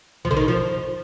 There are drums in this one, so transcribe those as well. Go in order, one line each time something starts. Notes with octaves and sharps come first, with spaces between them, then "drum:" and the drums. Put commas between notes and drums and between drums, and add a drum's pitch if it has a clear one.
F3, drum: kick
D3
D#3
F3